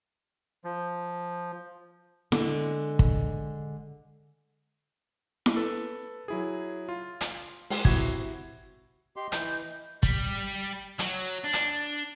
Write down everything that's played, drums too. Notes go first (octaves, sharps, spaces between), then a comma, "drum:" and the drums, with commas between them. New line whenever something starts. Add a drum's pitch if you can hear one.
F3
D3 G#3, drum: snare E4
drum: kick
drum: snare E4
A4 B4
F#3 E4 G#4
F4
drum: hi-hat
G#3, drum: open hi-hat
C3 E4 F#4 G#6, drum: kick
G4 D#5 C6
E3 G6, drum: hi-hat
G3, drum: kick
F#3, drum: hi-hat
D4
drum: hi-hat